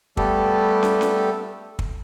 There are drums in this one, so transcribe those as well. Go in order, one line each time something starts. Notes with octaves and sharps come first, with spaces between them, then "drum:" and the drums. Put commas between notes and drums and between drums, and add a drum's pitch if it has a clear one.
G3 A3 B3 G4 A4, drum: kick
drum: snare
drum: snare
drum: kick